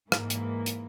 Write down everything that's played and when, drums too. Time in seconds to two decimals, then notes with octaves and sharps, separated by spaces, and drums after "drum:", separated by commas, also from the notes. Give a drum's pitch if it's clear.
0.12 G#2 E3 A#3, drum: rim click
0.30 drum: hi-hat
0.66 drum: hi-hat